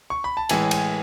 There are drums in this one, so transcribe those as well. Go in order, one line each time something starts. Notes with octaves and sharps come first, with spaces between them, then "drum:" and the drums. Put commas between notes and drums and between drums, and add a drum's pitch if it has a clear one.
C#6
B5
A5
A2 E3 G#3 G#5, drum: cymbal
G#5, drum: cymbal